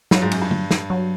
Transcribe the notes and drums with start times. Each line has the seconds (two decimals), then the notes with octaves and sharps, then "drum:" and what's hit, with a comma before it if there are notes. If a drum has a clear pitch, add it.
0.11 G2 F#3, drum: snare
0.22 G#2
0.31 F#2, drum: cymbal
0.42 G2
0.51 drum: tom
0.71 drum: snare
0.90 F#3